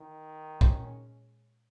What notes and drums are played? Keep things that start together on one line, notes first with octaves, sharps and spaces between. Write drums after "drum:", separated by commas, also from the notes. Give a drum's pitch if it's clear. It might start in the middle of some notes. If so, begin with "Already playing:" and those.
Already playing: D#3
A#2 G#3 C#4, drum: kick